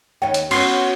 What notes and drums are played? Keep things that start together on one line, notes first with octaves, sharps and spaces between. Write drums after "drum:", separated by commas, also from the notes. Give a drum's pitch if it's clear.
D#2 C#4 D#5 G5
drum: hi-hat
B3 C#4 F#4 C6, drum: cymbal